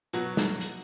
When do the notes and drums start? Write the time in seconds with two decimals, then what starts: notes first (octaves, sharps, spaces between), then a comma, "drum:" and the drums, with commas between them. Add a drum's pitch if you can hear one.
0.13 B2 F#3, drum: hi-hat
0.37 drum: snare
0.61 drum: hi-hat